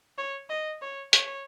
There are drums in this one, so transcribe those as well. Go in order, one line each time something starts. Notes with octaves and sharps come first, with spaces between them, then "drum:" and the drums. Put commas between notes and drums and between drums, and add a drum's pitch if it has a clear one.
C#5
D#5
C#5
C#5, drum: hi-hat